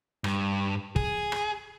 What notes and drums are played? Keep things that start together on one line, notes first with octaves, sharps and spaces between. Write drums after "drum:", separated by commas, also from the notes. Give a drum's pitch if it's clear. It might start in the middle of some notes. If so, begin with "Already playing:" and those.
G2, drum: rim click
G#4, drum: kick
drum: rim click